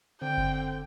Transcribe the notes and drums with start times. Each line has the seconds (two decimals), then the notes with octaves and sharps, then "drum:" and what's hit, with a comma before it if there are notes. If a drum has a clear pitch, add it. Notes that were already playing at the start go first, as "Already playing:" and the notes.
0.22 D3 C4 G5
0.37 drum: kick F#1